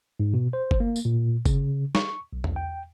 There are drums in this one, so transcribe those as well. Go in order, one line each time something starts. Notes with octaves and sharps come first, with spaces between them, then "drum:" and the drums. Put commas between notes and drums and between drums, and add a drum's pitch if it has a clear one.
G#2
B2
C5
drum: kick F#1
A#3
drum: tambourine
A#2
C#3, drum: kick F#1, tambourine
C#6, drum: snare
B1
drum: tom E2
G5